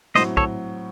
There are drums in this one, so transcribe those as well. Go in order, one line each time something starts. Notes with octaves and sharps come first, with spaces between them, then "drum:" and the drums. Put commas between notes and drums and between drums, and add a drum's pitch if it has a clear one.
A2 F#3 C4 C5 D#5, drum: snare
A4 C#5, drum: kick